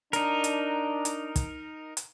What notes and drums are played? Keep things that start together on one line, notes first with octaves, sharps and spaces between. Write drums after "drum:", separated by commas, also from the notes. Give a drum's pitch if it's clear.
D4 D#4 A#4, drum: hi-hat
drum: hi-hat
drum: hi-hat
drum: kick, hi-hat
drum: hi-hat